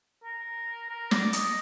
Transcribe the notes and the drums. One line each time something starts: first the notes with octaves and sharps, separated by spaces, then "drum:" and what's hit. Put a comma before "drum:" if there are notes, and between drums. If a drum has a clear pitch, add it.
A#4
A#4
D5, drum: snare
D#5, drum: hi-hat